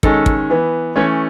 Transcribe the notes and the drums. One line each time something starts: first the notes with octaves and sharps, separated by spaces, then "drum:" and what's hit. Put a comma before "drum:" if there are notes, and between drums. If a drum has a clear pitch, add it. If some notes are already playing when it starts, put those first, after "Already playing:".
D#3 G#3 C#4 A4, drum: kick
drum: kick
E3 B3
E3 A3 C#4 C#5